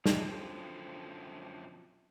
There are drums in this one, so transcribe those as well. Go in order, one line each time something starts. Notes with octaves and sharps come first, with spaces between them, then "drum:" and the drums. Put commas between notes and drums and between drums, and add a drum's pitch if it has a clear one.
F#2 B2 D3 F3 C4, drum: snare